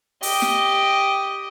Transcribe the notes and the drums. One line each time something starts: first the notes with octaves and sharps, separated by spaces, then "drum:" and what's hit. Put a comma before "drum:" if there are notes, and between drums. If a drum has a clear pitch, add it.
G4 D#5, drum: open hi-hat
drum: snare